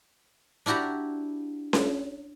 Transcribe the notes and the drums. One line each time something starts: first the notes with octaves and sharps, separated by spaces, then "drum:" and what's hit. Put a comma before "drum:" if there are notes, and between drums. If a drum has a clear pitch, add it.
D4 E4 F#4 G4 A#5
drum: snare C#4